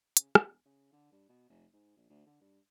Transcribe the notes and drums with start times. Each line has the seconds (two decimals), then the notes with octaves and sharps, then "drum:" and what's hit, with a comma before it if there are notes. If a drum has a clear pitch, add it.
0.17 C#3, drum: hi-hat
0.35 E1, drum: rim click
0.66 C#3
0.93 D3
1.12 G2
1.29 B2
1.49 F1
1.73 G#2
1.97 A#1
2.10 D2
2.27 D3
2.41 G2